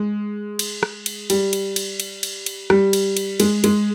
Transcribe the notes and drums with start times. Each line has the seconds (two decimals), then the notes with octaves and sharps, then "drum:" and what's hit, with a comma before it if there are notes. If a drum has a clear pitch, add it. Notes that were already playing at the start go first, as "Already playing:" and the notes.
Already playing: G#3
0.59 drum: cymbal
0.83 drum: rim click
1.06 drum: cymbal
1.30 G3, drum: cymbal
1.53 drum: cymbal
1.76 drum: cymbal
2.00 drum: cymbal
2.23 drum: cymbal
2.46 drum: cymbal
2.70 G3, drum: rim click
2.93 drum: cymbal
3.17 drum: cymbal
3.40 G#3, drum: cymbal
3.64 G#3, drum: cymbal